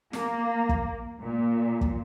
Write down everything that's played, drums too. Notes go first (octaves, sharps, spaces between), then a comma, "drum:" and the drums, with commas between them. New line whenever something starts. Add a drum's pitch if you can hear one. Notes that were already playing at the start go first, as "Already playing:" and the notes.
A#3, drum: snare
drum: kick
A#2
drum: kick